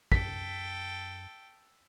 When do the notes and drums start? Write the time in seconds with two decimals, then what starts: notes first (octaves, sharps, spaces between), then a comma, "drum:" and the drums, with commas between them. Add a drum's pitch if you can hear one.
0.12 F#2 A4 G5 B6, drum: kick